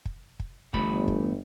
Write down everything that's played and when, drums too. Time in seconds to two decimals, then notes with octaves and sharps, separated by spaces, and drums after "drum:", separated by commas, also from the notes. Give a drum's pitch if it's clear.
0.05 drum: kick
0.40 drum: kick
0.74 G1 E2 A3 B5, drum: kick
1.08 drum: kick